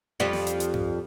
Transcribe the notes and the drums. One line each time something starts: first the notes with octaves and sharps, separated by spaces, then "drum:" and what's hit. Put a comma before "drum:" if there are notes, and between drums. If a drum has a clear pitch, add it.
F2 F3 G3
drum: snare
drum: hi-hat
drum: hi-hat
drum: tom G2